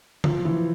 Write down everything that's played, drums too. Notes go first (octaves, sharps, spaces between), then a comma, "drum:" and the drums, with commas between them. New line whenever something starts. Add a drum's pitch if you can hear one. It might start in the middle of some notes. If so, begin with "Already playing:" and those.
F3, drum: tom C#3
E3